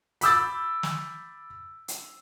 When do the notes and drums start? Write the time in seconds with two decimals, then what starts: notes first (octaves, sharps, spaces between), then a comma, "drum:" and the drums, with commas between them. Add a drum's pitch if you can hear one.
0.21 B5 D6 E6 G6 A6, drum: hi-hat
0.83 drum: snare
1.88 drum: hi-hat